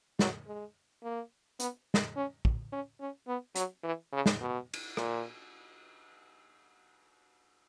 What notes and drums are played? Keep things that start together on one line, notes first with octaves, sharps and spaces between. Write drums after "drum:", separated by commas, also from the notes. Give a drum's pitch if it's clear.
F#3, drum: snare
G#3
A#3
B3, drum: hi-hat
drum: snare
C#4
drum: kick
C#4
C#4
B3
F#3, drum: hi-hat
E3
C#3
drum: snare
B2
drum: cymbal
A#2, drum: rim click